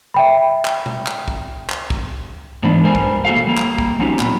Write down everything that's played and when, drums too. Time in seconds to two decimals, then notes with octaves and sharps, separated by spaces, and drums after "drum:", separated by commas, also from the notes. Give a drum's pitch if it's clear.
0.14 E5 G5 B5
0.65 drum: clap
0.86 drum: tom B2
1.07 drum: clap
1.28 drum: kick
1.69 drum: clap
1.90 drum: kick
2.63 G#2 E3 G#3 B3 D4
2.83 G2 G3 A#4 C5 G#5
2.95 drum: kick
3.25 A#3 F#4 A4 F5
3.37 drum: tom B2
3.47 G3 A#3
3.58 drum: clap
3.78 drum: kick
3.99 F#3 C4 C#4 D#4 F#4 G4
4.19 A#2 F#3 B3, drum: clap